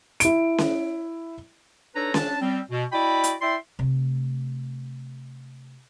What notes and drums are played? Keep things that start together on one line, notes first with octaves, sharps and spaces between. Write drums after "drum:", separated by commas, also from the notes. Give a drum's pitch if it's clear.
E4 D7, drum: hi-hat
drum: snare C#4
D4 D#4 A4 B4 C#5 A#5
C#4 D4 A5, drum: snare C#4
G3 C4
B2
E4 F#4 D5 D#5 G5 B5
drum: hi-hat
E4 D5 E5 G5 C6
C3 A3